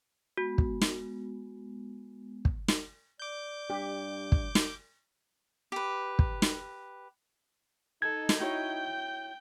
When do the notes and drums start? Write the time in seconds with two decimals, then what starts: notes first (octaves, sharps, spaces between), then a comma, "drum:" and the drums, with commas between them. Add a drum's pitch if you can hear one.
0.37 G#3 B3 F#4
0.58 drum: kick
0.81 drum: snare
2.45 drum: kick
2.68 drum: snare
3.20 D5 D6 G6
3.70 G2 G4
4.32 drum: kick
4.55 drum: snare
5.72 G4 B4
6.19 drum: kick
6.42 drum: snare
8.02 D#4 A4 G#6
8.29 drum: snare
8.40 E4 F#4 C#5 G5 G6